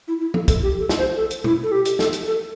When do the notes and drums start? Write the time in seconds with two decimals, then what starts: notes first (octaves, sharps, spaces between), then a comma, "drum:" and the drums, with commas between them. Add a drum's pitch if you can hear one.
0.08 E4
0.21 E4
0.34 A4, drum: tom
0.48 A4, drum: kick, hi-hat
0.62 G4
0.80 A4
0.89 drum: snare
0.98 C5
1.17 A4
1.31 drum: hi-hat
1.44 E4, drum: tom
1.63 A4
1.72 G4
1.85 drum: hi-hat
1.99 A4, drum: snare
2.13 drum: hi-hat
2.27 A4